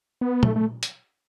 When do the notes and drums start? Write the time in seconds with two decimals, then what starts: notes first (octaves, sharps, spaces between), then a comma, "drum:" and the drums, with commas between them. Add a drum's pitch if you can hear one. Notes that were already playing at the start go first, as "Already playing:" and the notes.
0.21 B3
0.43 A3, drum: tom
0.56 A3
0.83 drum: hi-hat